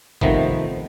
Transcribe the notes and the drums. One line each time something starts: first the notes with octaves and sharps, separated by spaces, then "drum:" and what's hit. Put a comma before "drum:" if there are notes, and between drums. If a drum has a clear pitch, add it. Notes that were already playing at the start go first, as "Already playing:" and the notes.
C3 D#3 F3 A3 B3, drum: kick G#1